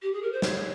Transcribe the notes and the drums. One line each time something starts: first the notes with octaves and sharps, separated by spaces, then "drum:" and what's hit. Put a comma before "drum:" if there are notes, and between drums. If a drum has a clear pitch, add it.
G4
G#4
A#4
C5
C#5, drum: snare